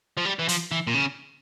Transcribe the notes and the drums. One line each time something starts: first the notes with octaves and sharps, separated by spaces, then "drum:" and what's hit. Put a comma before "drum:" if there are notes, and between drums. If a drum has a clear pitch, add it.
F3
G3
E3
F3, drum: hi-hat
E3
A#2
C#3